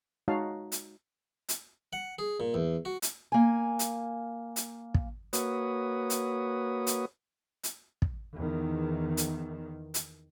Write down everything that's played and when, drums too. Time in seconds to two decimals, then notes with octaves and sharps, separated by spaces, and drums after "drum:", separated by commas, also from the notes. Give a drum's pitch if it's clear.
0.28 G#3 D#4 F#4 C#5 F5 A5
0.72 drum: hi-hat
1.49 drum: hi-hat
1.93 F#5
2.19 G#4
2.40 A#2
2.54 E2
2.85 F#4
3.02 drum: hi-hat
3.32 A#3 G#5
3.79 drum: hi-hat
4.56 drum: hi-hat
4.94 drum: kick
5.33 A#3 F#4 B4 C#5 D#6, drum: hi-hat
6.10 drum: hi-hat
6.87 drum: hi-hat
7.64 drum: hi-hat
8.02 drum: kick
8.37 E2 D#3
9.17 drum: hi-hat
9.94 drum: hi-hat